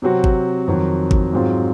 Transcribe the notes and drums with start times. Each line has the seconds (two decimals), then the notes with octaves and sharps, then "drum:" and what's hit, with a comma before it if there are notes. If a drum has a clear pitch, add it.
0.02 C3 F#3 C4 F#4
0.24 drum: kick
0.68 F2 D#3 F#3
1.11 drum: kick
1.33 G#2 F#3 C4 F4